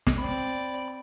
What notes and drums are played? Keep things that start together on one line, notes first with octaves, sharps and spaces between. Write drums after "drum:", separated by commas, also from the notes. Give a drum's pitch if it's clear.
drum: snare
C4 D5 B5